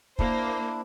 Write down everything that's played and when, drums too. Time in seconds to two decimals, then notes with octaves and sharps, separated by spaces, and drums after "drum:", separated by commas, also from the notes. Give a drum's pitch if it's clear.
0.19 A#3 D4 E4 C5, drum: kick